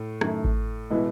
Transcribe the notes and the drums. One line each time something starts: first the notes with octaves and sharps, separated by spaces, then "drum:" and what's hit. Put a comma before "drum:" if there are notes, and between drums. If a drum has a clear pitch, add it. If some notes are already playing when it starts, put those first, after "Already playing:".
Already playing: A2
F#2 D#3 A3, drum: rim click
drum: kick G#1
B2 E3 G#3 B3 E4